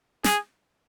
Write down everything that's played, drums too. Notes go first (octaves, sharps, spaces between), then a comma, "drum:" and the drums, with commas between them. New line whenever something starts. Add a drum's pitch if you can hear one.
G#4, drum: snare